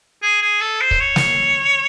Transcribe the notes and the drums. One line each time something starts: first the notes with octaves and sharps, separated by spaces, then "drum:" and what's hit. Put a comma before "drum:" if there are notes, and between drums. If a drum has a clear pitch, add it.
G#4
G#4
A4
C5
drum: kick
C#5
drum: snare